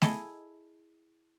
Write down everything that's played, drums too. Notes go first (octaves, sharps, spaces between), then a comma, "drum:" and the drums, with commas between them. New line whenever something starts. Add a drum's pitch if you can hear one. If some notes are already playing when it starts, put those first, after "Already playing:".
E4 G#4 A4 D#5, drum: snare A3